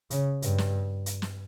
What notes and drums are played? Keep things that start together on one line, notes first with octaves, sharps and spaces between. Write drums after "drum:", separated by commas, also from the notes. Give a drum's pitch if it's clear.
C#3, drum: hi-hat
G2, drum: hi-hat
drum: snare
drum: hi-hat
drum: snare